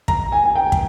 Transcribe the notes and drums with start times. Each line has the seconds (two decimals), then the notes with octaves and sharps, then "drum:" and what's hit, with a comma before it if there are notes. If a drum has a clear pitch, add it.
0.08 A#5, drum: kick
0.32 G#5
0.45 G#5
0.55 G5
0.72 drum: kick